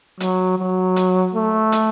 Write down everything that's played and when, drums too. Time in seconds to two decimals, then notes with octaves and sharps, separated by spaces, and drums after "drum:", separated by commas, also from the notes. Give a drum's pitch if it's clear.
0.20 F#3, drum: hi-hat
0.58 F#3
0.96 drum: hi-hat
1.34 A3
1.72 drum: hi-hat